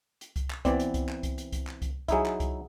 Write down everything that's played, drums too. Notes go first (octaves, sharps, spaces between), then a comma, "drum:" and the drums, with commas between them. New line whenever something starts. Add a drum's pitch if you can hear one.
drum: hi-hat
drum: kick C2, hi-hat
drum: clap
E3 B3 C4 D5, drum: kick C2, hi-hat
drum: hi-hat
drum: kick C2, hi-hat
drum: clap
drum: kick C2, hi-hat
drum: hi-hat
drum: kick C2, hi-hat
drum: clap
drum: kick C2, hi-hat
F#3 D#4 E4 G#4 E5, drum: kick C2, hi-hat
drum: clap
drum: kick C2, hi-hat